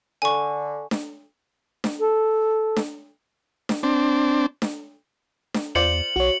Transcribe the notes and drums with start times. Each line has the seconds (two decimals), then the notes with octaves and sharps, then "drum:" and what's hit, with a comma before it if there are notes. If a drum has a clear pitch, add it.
0.22 D3 G#5 C#6
0.91 drum: snare D4
1.84 drum: snare D4
2.00 A4
2.77 drum: snare D4
3.69 drum: snare D4
3.83 C4 D4
4.62 drum: snare D4
5.54 drum: snare D4
5.75 E2 F4 C5 D5 C#7 F#7
6.16 B1 F#4 C#5